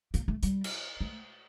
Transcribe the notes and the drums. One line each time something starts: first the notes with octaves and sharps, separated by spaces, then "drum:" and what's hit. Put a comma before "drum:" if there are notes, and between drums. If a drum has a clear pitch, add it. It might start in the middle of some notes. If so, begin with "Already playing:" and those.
A#3, drum: hi-hat
A3
G3, drum: hi-hat
drum: cymbal
A3